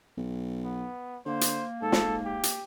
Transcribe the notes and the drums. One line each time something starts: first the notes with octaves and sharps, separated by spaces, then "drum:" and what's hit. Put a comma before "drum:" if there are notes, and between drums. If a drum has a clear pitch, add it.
B1
B3
D3 A#3 C5
drum: hi-hat
G#2 A4
drum: snare
G4
drum: hi-hat